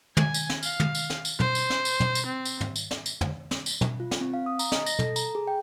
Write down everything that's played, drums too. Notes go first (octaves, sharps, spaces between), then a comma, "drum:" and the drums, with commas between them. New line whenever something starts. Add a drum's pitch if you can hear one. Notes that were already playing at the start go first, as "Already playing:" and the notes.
G#5, drum: tom
drum: tambourine
drum: snare
F5, drum: tambourine
drum: tom
drum: tambourine
drum: snare
drum: tambourine
C5, drum: tom
drum: tambourine
drum: snare
drum: tambourine
drum: tom
drum: tambourine
C4
drum: tambourine
drum: tom
drum: tambourine
drum: snare
drum: tambourine
drum: tom
drum: snare
drum: tambourine
drum: tom
F4
drum: snare
C4
F5
D#6
A#5, drum: tambourine
D#5, drum: snare
A#6, drum: tambourine
A4, drum: tom
A#5, drum: tambourine
G#4
G5